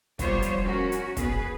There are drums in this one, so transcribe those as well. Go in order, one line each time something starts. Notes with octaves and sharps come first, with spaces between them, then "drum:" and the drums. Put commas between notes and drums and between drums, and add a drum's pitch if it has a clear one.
F3 G3 B3 F4 C5 C#5, drum: kick, hi-hat
drum: hi-hat
C#4 F#4 A#4
drum: hi-hat
B3 G#4 B4, drum: kick, hi-hat